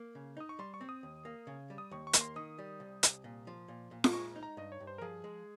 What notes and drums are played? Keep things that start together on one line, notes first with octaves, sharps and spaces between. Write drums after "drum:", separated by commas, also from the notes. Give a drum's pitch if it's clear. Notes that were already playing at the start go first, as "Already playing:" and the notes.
Already playing: A#3
C#3
D#4 D#6
C#6
G3 C6
C#6
C4
D#6
D#2
A#3
C#3
G3
D#6
D#2 C#6
C#6
A#3, drum: hi-hat
C6
D#3 D#6
G3
C2
C2, drum: hi-hat
A#2
F3
A#2
A#2
C6, drum: snare F4
G#3 C#6
D#4
A#5
G2 D#5
C#5
G2
C5
A#4
F3 G#4
G#3